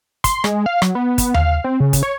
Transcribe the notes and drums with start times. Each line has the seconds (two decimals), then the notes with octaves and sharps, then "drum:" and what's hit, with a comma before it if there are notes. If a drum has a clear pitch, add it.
0.24 C6, drum: kick, hi-hat
0.44 G#3, drum: rim click
0.66 F5
0.82 F#3, drum: rim click
0.95 B3
1.18 drum: kick, hi-hat
1.34 F5, drum: tom D#2
1.64 C4
1.80 C#3
1.93 drum: kick, hi-hat
2.03 C#5